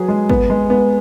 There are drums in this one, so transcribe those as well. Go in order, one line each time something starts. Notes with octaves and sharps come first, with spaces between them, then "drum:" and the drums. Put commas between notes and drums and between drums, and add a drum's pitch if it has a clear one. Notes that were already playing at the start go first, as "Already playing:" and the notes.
Already playing: F#3 G#4 B4
G#3
B3, drum: kick
G#3
B3